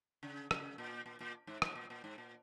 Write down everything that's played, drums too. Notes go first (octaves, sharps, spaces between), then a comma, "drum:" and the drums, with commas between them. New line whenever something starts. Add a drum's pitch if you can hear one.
C#3
C#3, drum: rim click
A#2
A#2
A#2
G#2
G#2, drum: rim click
A#2
A#2
G#2
A#2